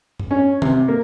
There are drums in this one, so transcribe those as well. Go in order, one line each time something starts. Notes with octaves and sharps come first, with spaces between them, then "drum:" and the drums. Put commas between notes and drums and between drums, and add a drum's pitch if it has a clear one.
drum: tom F#2
C#4
C3, drum: tom
A#3